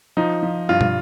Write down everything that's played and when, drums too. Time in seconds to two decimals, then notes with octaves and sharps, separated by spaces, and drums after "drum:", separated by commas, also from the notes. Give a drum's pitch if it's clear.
0.17 F3 D#4
0.43 F3
0.69 G2 F4
0.81 drum: tom